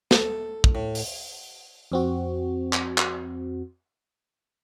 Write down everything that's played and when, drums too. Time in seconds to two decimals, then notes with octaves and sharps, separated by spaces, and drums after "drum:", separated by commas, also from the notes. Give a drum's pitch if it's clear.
0.11 A4, drum: snare
0.64 drum: kick
0.75 A2
0.95 drum: open hi-hat
1.92 F2 C4 F#4
2.73 drum: clap
2.98 drum: clap